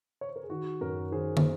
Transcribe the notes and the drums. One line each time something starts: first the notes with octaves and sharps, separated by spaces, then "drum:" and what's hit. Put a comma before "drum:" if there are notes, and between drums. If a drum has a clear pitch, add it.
C#5
C5
A#4
G#4
D#3 F#4
F#2 F#4 A#4
D#3 G#4 C5
C5, drum: tom